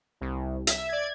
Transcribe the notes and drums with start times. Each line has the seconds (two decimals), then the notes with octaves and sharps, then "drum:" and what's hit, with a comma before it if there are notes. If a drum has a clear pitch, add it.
0.21 C2
0.67 E5, drum: hi-hat
0.89 D5 G#6